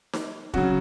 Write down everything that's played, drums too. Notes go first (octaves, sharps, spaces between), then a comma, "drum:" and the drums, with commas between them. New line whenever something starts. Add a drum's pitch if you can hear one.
drum: snare D#4
C#3 F#3 C#4 F#4, drum: kick